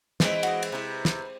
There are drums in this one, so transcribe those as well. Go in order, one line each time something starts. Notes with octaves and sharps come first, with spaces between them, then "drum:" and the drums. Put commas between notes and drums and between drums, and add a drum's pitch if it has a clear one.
E3 G#3 C4 D#4 C#5 B5, drum: snare
F#4 D#5, drum: cymbal
drum: cymbal
C3 E4 B4
drum: snare